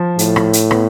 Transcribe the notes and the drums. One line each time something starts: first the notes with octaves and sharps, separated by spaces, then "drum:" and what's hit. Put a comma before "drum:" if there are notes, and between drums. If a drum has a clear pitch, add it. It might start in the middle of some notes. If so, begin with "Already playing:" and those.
Already playing: F3
A2, drum: hi-hat
drum: rim click
drum: hi-hat
B3, drum: rim click